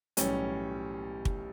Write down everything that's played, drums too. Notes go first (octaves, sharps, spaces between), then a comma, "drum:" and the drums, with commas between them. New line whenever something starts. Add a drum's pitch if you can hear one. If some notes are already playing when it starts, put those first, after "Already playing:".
B1 A2 E3 G3 C#4, drum: hi-hat
drum: kick